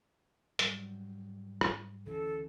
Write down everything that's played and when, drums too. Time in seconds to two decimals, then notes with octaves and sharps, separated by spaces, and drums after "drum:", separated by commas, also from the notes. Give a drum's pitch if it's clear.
0.59 G#2 F#3 G3, drum: hi-hat
1.61 drum: rim click
2.06 D2 C#3 E3 A4